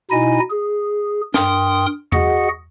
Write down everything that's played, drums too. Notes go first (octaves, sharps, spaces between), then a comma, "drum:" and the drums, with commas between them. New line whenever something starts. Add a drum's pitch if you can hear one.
B2 D#4 E4 D#5 G#5
G#4
G2 A#4 G5 C6 D#6, drum: snare
F#4 G#4 D#5 F#5, drum: tom E2